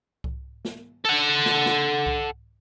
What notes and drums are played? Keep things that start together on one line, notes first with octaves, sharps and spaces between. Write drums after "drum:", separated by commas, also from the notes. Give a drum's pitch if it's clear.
drum: kick C2
drum: snare
A4 F#5
drum: snare
drum: snare
drum: kick C2